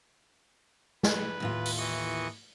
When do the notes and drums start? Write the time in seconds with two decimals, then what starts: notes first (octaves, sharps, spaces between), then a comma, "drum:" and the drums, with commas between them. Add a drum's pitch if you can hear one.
1.03 B4, drum: snare
1.40 D#2 A2 F4
1.65 drum: open hi-hat
1.77 E3 D#5 C#6